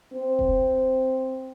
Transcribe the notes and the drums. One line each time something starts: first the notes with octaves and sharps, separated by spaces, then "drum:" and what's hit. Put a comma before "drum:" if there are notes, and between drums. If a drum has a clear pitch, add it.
C4
drum: kick E1